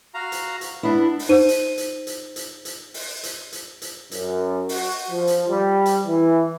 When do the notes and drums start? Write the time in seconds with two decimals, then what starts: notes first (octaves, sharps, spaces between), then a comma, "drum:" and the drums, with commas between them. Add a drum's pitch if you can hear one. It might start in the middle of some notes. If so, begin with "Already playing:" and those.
0.14 F#4 F5 A#5
0.32 drum: hi-hat
0.61 drum: hi-hat
0.83 B3 D4 E4
1.19 drum: open hi-hat
1.29 D#4 C5 D#7
1.48 drum: hi-hat
1.78 drum: hi-hat
2.07 drum: hi-hat
2.36 drum: hi-hat
2.65 drum: hi-hat
2.94 drum: open hi-hat
3.23 drum: hi-hat
3.52 drum: hi-hat
3.82 drum: hi-hat
4.11 F#2, drum: hi-hat
4.69 F#4, drum: open hi-hat
5.10 F3
5.27 drum: hi-hat
5.48 G3
5.86 drum: hi-hat
6.07 E3